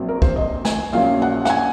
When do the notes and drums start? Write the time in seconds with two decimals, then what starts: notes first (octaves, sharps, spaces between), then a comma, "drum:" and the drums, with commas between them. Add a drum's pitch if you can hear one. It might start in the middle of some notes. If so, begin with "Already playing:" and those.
Already playing: A#1 A#2 F#3 C4
0.09 A#4
0.22 C5, drum: kick
0.36 D#5
0.65 G#5, drum: snare
0.93 A#1 A#2 F#3 C#4 F5
1.22 F#5
1.45 F#5, drum: rim click
1.50 G#5